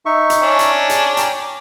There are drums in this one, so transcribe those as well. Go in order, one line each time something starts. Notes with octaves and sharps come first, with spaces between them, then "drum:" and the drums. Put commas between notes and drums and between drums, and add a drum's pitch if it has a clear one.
D#4 E5 C#6
drum: hi-hat
C#4 D4
drum: hi-hat
G#4, drum: hi-hat
G5 A#5, drum: hi-hat
D6